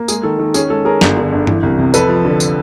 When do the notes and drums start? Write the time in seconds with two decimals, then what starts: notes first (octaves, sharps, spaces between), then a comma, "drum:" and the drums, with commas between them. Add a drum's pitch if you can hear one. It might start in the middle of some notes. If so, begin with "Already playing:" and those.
Already playing: A#3
0.08 G#3 G#4, drum: tambourine
0.23 D#3 A4
0.39 D#3 A4
0.54 C#4 G#4, drum: tambourine
0.70 G#3 A4
0.85 C#4 G#4 A#4
1.01 G1, drum: snare
1.17 D3
1.32 G1
1.47 E3, drum: tom G2
1.63 C2
1.79 C3
1.94 F2 A4 B4, drum: tambourine
2.09 F3
2.25 D3
2.40 drum: tambourine